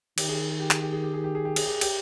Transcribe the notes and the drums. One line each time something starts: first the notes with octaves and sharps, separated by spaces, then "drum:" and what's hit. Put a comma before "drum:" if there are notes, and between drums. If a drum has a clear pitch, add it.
D#3 G4, drum: cymbal
G#4
G4
G#4
G4
G#4, drum: clap
G4
G#4
G4
G#4
G4
G#4
G4
G#4, drum: cymbal
G4
G4, drum: cymbal